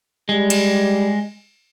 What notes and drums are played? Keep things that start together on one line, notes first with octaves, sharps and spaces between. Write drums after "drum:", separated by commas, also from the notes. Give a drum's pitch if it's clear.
G3 G#3
drum: cymbal